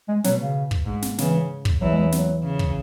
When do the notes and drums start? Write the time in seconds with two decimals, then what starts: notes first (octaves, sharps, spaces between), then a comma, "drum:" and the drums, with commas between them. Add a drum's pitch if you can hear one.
0.08 G#3
0.24 B2 F#3, drum: snare
0.40 C#3
0.71 drum: kick
0.86 G#2
1.02 drum: snare
1.18 C#3 E3, drum: snare
1.65 drum: kick
1.81 E2 E3 F#3
1.91 G#3
2.01 F#3
2.12 F#3, drum: snare
2.43 C#3
2.59 drum: kick